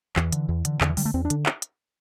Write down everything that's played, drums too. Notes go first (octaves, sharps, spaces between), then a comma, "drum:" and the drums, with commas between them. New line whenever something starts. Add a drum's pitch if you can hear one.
E2 E3, drum: clap
D3, drum: hi-hat
E2
D3, drum: hi-hat
E2 D3, drum: clap
E3
D3 G3, drum: open hi-hat
A3
E2 C4
D4
D3, drum: hi-hat
drum: clap
drum: hi-hat